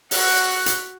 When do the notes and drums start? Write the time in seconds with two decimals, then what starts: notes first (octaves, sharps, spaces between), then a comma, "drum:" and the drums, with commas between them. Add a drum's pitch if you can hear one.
0.11 F#4 F#5, drum: open hi-hat
0.66 drum: hi-hat